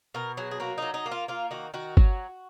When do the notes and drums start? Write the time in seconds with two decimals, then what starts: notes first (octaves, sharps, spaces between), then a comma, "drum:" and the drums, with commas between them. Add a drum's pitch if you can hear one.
0.15 B2 A#4
0.37 F#3 G#4
0.51 G#4
0.60 A#3 F#4
0.78 F#3 D#4
0.94 D#4
1.06 A#3
1.12 F4
1.28 A#3 F4
1.51 D#3 F#4
1.74 D#3 F#4
1.97 F#3, drum: kick G1